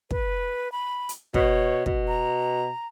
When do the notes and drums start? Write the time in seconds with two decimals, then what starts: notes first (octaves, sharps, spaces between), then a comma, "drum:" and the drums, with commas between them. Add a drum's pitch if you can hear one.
0.11 B4, drum: kick
0.72 B5
1.09 drum: hi-hat
1.34 B2 C#5, drum: kick
1.86 B2, drum: kick
2.08 A#5